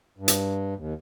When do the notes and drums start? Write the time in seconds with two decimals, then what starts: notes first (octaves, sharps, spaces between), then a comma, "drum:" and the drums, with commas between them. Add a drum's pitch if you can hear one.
0.18 G2
0.28 drum: hi-hat
0.77 D#2